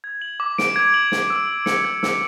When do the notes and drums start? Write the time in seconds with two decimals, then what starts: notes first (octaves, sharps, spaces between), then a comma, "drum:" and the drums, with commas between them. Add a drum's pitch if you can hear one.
0.04 G#6
0.22 F#7
0.40 D6
0.58 D7, drum: snare
0.76 G#6
0.94 F#7
1.12 G#6, drum: snare
1.30 E6
1.49 E6
1.66 C#7, drum: snare
1.85 G#6
2.03 E6, drum: snare